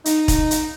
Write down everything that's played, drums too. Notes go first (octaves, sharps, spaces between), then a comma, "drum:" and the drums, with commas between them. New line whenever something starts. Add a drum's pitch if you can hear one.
D#4, drum: hi-hat
drum: kick, hi-hat
drum: hi-hat